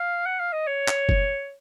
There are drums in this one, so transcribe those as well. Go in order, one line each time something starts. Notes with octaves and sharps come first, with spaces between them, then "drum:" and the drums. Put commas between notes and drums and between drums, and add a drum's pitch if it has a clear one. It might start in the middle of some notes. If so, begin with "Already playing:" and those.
Already playing: F5
F#5
F5
D#5
C#5
drum: clap
drum: kick